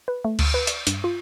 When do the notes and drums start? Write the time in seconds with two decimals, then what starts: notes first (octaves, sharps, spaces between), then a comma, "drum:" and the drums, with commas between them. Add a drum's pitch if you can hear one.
0.08 B4
0.24 A3
0.39 D2, drum: cymbal
0.54 B4
0.67 D5, drum: hi-hat
0.87 G2, drum: hi-hat
1.04 F4